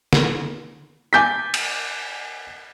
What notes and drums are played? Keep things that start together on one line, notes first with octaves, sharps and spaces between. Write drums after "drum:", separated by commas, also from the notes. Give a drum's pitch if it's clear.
drum: snare
G#5 D6 G6 A6 B6
drum: cymbal